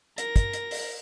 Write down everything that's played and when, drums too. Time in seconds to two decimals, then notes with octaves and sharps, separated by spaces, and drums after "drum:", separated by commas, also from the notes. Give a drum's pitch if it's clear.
0.18 A#4 A#6, drum: hi-hat
0.36 drum: kick, hi-hat
0.53 drum: hi-hat
0.71 drum: open hi-hat